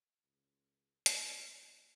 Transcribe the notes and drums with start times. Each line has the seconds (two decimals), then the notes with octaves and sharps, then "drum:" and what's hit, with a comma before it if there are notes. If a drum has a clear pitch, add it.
0.24 C#2
1.06 drum: hi-hat
1.22 D#2